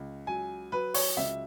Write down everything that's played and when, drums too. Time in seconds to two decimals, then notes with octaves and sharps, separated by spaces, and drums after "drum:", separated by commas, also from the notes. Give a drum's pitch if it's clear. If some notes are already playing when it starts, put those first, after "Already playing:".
Already playing: C#2
0.27 F#3 G#5
0.72 F#3 B4
0.94 C#5, drum: open hi-hat
1.17 C#2 E5